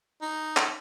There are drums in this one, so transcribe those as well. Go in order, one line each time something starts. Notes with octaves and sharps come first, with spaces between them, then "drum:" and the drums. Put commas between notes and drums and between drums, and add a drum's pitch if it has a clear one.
D#4
drum: clap